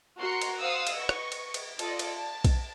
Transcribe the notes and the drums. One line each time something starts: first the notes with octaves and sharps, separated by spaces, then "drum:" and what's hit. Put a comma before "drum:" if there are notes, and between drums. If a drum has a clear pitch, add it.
F#4 A#4 C6 C#7
drum: cymbal
C5 F5 F#5 D#6 E6
drum: cymbal
B4 D#5 C#6
drum: rim click
drum: cymbal
drum: cymbal
F4 A4 D5 D#5, drum: cymbal
drum: cymbal
A5
drum: kick B1, cymbal